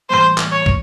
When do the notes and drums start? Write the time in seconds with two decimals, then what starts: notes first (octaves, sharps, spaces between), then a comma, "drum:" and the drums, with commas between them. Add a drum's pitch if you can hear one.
0.10 A2 E3 G3 A#3 C5
0.38 drum: clap
0.52 C#5
0.66 drum: kick